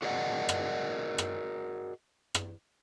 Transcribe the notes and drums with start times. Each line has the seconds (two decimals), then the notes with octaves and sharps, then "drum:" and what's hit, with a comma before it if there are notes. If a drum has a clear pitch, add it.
0.02 F#4 G#4 A#4 D5 D#5 F#5
0.49 drum: rim click
1.18 drum: rim click
2.35 drum: rim click